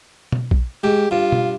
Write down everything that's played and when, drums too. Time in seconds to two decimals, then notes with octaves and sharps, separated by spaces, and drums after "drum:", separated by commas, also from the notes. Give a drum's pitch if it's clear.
0.32 drum: tom
0.51 drum: kick A#1
0.84 G#2 G4
1.11 G2 F4
1.32 drum: tom